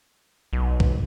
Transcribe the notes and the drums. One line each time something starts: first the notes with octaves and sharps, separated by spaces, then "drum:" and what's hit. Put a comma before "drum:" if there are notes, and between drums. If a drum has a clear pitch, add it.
B1
drum: kick C2